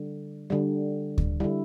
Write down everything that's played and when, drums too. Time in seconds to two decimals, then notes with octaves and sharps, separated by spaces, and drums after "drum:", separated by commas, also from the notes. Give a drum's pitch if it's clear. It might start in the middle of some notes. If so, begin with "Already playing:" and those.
Already playing: D3 G3
0.50 D3 G3
1.18 drum: kick D2
1.40 D3 G3 E4